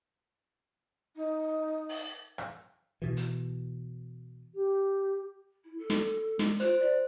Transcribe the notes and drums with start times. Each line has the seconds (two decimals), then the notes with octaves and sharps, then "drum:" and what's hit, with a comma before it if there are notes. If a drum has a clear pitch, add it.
1.15 D#4
1.89 drum: open hi-hat
2.38 drum: rim click
3.02 B2 E3
3.17 drum: hi-hat
4.55 G4
5.64 E4
5.78 A4
5.90 drum: snare
6.39 G#3, drum: snare
6.60 F4 C5 F#6, drum: hi-hat
6.80 D5